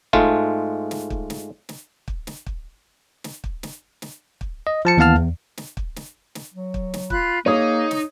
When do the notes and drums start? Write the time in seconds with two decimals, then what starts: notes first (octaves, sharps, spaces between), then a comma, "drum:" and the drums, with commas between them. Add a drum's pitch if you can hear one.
0.13 G#2 G#3 A3 F4, drum: kick
0.91 drum: snare
1.10 drum: kick
1.30 drum: snare
1.69 drum: snare
2.08 drum: kick
2.27 drum: snare
2.46 drum: kick
3.24 drum: snare
3.44 drum: kick
3.63 drum: snare
4.02 drum: snare
4.41 drum: kick
4.67 D#5
4.85 F3 A5 C#7
4.97 D#2 E3 B3 F5 A5 F6
5.15 E2
5.57 drum: snare
5.77 drum: kick
5.96 drum: snare
6.35 drum: snare
6.54 F#3
6.74 drum: kick
6.94 drum: snare
7.10 F4 B5 F#6, drum: kick
7.46 A#3 D#4 G#4 C#5 D#6
7.91 drum: snare